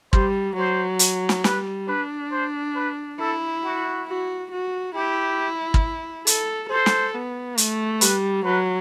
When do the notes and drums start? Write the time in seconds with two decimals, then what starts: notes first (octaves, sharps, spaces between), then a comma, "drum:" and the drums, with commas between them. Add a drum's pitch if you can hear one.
0.13 G3 C5, drum: kick
0.56 F#3 C5
0.99 drum: hi-hat
1.29 drum: snare
1.44 G3 B4, drum: snare
1.88 D4 B4
2.32 C5
2.76 B4
3.20 E4 A4
3.64 F#4
4.07 F#4
4.52 F#4
4.95 E4 G4
5.74 drum: kick
6.27 A4, drum: hi-hat
6.70 A4 C5
6.86 drum: snare
7.15 B3
7.58 A3, drum: hi-hat
8.01 G3 B4, drum: hi-hat
8.45 F#3 B4